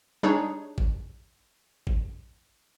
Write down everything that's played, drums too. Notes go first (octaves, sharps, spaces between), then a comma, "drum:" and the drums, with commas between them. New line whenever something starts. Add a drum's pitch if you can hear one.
G3 D4 D#4 G#4 C#5
drum: kick
drum: kick